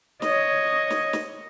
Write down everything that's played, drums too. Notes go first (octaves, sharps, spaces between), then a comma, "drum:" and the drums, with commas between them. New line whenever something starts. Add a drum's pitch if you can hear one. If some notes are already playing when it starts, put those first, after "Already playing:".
C#5 D#5, drum: snare
drum: snare
drum: snare